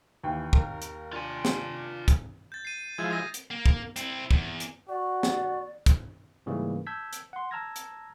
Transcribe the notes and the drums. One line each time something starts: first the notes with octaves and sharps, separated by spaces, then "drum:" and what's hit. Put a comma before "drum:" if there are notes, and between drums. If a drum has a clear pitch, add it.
D#2 E3 G5
A#4, drum: kick
drum: hi-hat
D4 F4 G#5
drum: snare
drum: kick, hi-hat
G6 A6
C7 D#7
F3 G#3 E4 G#6
D#6 A#6 D#7
drum: hi-hat
A#3
drum: kick
C4 E4, drum: hi-hat
E2, drum: kick
drum: hi-hat
F#4 D5
drum: snare
drum: kick, hi-hat
G#2 C#3 E3 G3 A3 A#3
A5 E6 G6 G#6 B6
drum: hi-hat
F#5 C6
A5 A#5 E6 F6 G#6 A#6
drum: hi-hat